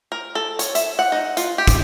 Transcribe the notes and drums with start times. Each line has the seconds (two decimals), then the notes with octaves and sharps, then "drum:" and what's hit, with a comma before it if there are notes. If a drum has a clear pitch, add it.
0.12 A#4
0.35 A4
0.59 C#5, drum: hi-hat
0.75 E5, drum: hi-hat
0.99 F#5
1.12 D#4
1.37 F4, drum: hi-hat
1.58 G4
1.67 drum: kick, hi-hat